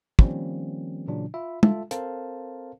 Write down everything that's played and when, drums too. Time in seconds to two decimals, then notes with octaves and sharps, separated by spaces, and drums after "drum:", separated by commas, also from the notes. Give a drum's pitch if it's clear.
0.19 D#3 F3 G3 A#3 C4 C#4, drum: kick
1.08 A#2 C#3 E3 F#3 D4
1.34 F4 E5 B5
1.63 F4 A4 E5 A5, drum: tom
1.91 C4 A4 A#4 C5 F5 A5, drum: hi-hat